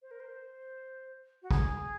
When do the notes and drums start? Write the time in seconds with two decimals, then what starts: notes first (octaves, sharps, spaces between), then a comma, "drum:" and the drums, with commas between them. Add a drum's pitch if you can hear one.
0.02 C5
0.11 A#4
0.20 C5
1.42 F#4
1.51 G#4, drum: kick